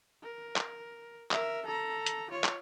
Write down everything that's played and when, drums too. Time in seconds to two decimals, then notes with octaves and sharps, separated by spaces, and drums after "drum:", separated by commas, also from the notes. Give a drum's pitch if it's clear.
0.23 A#4
0.56 drum: clap
1.31 A#4 E5, drum: clap
1.66 A4 A#5
2.06 drum: hi-hat
2.30 F4 C#5
2.44 drum: clap